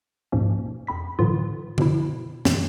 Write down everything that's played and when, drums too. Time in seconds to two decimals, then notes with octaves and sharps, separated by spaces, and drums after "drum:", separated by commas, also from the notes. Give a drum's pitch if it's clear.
0.32 D#2 G#2 B2 F3 A#3 C#4
0.87 F2 C4 B5 B6
1.19 A2 D3 E3 F#3 F4
1.78 G2 B2 F3 E4, drum: tom D3
2.45 F#2 B2 E3, drum: snare